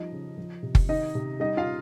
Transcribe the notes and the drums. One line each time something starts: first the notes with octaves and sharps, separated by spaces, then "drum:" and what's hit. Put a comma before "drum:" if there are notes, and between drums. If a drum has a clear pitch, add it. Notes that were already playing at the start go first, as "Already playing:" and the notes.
Already playing: F3 G3 D#4 D#5
C#3
F3
C3
drum: kick F#1
D#3 D#4 D#5
C3
G3 D#4 D#5
F4 F5